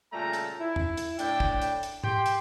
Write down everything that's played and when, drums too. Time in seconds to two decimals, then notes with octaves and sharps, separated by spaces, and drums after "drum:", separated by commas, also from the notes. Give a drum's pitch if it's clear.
0.13 A#2 C#3 G3 A3 A4 A#5
0.33 drum: hi-hat
0.59 E4
0.76 drum: tom
0.97 drum: hi-hat
1.19 A2 D4 G5, drum: hi-hat
1.40 drum: kick
1.62 drum: hi-hat
1.83 drum: hi-hat
2.04 G4 G5 C6, drum: tom
2.26 drum: hi-hat